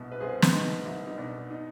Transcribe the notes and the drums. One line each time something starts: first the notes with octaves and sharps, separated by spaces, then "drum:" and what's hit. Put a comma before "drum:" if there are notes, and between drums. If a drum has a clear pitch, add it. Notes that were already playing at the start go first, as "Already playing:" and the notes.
Already playing: C2 B2
B4
C2 G#4 C5
drum: snare
B3 D#4
C2 D#4
D#4
B2 D4
D#4